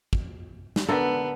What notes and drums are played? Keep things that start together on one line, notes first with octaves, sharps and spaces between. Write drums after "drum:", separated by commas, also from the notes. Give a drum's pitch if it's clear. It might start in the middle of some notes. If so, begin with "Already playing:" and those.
drum: kick
drum: snare
D3 B3 A4 A#4